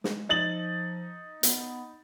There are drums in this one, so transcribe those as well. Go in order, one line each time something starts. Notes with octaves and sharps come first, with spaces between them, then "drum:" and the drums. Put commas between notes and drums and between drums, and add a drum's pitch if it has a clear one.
G#3, drum: snare
F3 D#4 A6 F#7
B3, drum: hi-hat